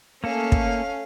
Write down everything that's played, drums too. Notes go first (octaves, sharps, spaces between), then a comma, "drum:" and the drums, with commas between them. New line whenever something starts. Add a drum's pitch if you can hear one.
A3 A#3 C#4 A4 F5
drum: kick